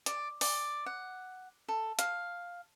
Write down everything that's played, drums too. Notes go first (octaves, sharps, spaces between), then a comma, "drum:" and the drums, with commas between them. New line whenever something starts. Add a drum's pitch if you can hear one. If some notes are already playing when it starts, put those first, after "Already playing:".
D5, drum: hi-hat
D5, drum: open hi-hat
F#5
A4
F5, drum: hi-hat